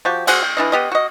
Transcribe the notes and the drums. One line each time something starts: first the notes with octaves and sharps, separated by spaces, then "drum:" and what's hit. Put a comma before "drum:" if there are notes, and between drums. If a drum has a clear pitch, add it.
F3 F#4 G4
F#4 G#4 C5 F#5, drum: cymbal
G5
E3 D4 D#5
B3 G4 D#5
F#4 D#5